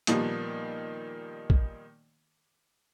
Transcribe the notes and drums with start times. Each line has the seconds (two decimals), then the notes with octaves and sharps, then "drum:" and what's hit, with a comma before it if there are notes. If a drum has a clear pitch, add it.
0.07 A#2 D#3 F3 G3 A#3 B3, drum: hi-hat
1.50 drum: kick